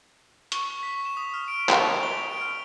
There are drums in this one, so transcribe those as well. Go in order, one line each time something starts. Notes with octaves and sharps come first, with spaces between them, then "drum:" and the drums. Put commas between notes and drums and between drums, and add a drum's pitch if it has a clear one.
C#6, drum: hi-hat
B6
E7
D#6
F6
D7
F7, drum: clap
G7
D7
F6